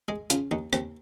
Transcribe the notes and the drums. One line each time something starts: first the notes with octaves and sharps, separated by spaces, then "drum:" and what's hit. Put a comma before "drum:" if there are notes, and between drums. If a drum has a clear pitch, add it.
G#3 G#4
C#3 F4, drum: hi-hat
D#2 D#4
D#2 C4, drum: rim click